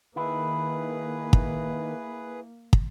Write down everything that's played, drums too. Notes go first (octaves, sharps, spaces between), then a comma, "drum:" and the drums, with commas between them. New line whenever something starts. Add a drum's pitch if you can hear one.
D#3 A#3 E4 G#4 B4
drum: kick
drum: kick